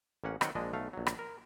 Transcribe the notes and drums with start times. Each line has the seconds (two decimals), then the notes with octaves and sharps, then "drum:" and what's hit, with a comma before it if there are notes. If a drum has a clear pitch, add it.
0.24 A1 A#3 C#4 F#5
0.41 D#3 F#3 C4 D#5 F#5 G5, drum: rim click
0.55 A#1 F3 G#3 D4 D#5
0.73 B1 A3 F5
0.93 A#1 F#3
1.06 drum: rim click
1.19 A#4